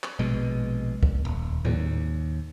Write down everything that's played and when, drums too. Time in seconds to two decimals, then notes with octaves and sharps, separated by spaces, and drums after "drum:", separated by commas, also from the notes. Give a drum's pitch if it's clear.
0.04 drum: clap
0.19 A#1 B2 G#3
1.03 drum: kick
1.25 D#1
1.65 D#2, drum: tom A2